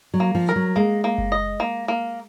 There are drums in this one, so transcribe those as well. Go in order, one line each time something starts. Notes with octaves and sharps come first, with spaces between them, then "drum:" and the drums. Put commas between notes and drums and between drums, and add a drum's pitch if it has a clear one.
F#3
A#3
F3
A#4
F#3
G#3 A#3
A#3
drum: kick F#1
D#5
A#3
A#3